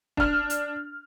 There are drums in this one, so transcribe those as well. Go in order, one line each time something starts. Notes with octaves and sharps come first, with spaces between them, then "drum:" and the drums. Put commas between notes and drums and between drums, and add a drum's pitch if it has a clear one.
D4 F6, drum: kick
drum: hi-hat